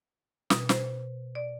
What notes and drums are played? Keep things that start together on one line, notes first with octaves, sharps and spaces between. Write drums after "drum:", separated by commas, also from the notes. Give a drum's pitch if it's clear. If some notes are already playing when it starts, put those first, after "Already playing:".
B2, drum: snare
C5, drum: snare
D5